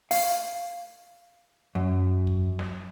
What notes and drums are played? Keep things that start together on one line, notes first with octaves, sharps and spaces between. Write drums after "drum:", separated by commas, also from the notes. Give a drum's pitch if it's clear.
F5, drum: open hi-hat
F#2
drum: kick
drum: snare